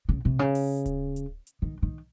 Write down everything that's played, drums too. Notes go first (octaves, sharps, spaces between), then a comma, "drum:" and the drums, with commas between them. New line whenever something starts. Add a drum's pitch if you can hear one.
C#3
C3
C#3
drum: open hi-hat
drum: kick D1, hi-hat
drum: hi-hat
drum: hi-hat
D#3
D#3